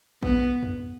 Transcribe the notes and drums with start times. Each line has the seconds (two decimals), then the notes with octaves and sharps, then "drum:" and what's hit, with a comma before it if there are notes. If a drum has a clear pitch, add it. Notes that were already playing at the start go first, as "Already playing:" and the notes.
0.23 B3, drum: kick A#1
0.63 drum: tom E2